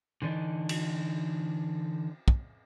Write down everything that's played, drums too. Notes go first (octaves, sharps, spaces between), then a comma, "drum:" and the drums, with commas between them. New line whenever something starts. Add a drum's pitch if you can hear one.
D3 E3 D4 D#4
drum: cymbal
drum: kick